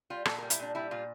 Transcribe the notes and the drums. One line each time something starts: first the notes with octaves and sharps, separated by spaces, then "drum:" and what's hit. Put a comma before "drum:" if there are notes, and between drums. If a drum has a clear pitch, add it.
G3 F4
A#2 A4, drum: rim click
A#4
G3
E4, drum: hi-hat
A#2 D4
G3 E4
A#2 F4